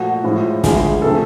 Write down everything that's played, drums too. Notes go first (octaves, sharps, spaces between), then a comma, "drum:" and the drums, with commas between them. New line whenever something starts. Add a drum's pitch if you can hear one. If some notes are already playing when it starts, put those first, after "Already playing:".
Already playing: A#2 F3 A3 F#4
A2 F3 G#3
D2 D3 F3 G#3 G#4, drum: snare
C3 F3 A3 A4